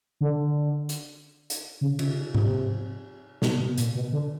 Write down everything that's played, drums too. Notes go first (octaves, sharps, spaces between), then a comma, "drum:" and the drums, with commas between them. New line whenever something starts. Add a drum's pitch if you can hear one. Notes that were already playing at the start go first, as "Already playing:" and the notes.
D3
drum: hi-hat
drum: hi-hat
C#3
C#3, drum: cymbal
C3, drum: tom G#2
B2, drum: snare
B2
A#2, drum: hi-hat
B2
D3